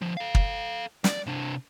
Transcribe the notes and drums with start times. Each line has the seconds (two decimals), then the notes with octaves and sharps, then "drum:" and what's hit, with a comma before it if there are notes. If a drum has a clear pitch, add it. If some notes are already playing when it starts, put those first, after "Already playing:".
0.02 D3 F3
0.17 A4 F5
0.35 drum: kick
1.04 D5, drum: snare
1.27 C3 D4